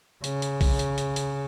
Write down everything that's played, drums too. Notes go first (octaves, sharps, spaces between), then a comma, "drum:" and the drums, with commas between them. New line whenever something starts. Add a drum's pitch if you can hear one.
C#3, drum: hi-hat
drum: hi-hat
drum: kick B1, open hi-hat
drum: hi-hat
drum: hi-hat
drum: hi-hat